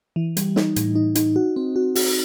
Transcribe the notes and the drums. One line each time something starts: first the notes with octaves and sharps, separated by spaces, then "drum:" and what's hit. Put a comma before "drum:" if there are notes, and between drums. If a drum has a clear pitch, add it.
E3
G3, drum: hi-hat
D#4, drum: snare
A2, drum: hi-hat
D#4
D#4, drum: hi-hat
F#4
C4
F#4
F#4, drum: open hi-hat